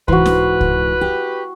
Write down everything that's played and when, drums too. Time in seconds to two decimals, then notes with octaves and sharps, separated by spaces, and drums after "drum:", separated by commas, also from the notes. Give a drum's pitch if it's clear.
0.08 G#2 E3 F#4 B4 C6, drum: kick C2
0.26 drum: snare
0.61 drum: kick C2
1.01 G4